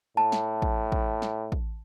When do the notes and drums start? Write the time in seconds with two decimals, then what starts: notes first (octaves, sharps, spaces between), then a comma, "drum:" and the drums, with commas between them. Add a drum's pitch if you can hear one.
0.17 A2 A5
0.32 drum: snare
0.62 drum: kick
0.92 drum: kick
1.22 drum: snare
1.52 drum: kick